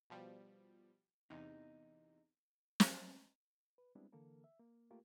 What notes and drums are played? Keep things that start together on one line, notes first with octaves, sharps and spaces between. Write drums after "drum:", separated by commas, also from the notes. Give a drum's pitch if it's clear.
B2 F3 G3
E2 C3 D#4
drum: snare
B4
G3 G#3 B3 C4 D4 E4
D3 E3 A#3 A4 A#4
E5
A#3
A3 A#3 F4 G4 A#4